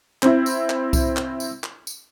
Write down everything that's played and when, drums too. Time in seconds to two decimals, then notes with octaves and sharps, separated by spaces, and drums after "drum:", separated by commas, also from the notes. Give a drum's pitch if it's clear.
0.23 C4 E4, drum: clap
0.46 drum: tambourine
0.70 drum: clap
0.93 drum: kick C2, tambourine
1.17 drum: clap
1.40 drum: tambourine
1.64 drum: clap
1.87 drum: tambourine